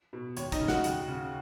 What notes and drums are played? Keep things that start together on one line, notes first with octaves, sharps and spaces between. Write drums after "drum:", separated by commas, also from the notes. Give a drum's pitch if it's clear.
B2
D#2 C#5, drum: hi-hat
D#4 D#5, drum: kick, hi-hat
C#3
F#4 F#5, drum: snare
D#2, drum: hi-hat
C#3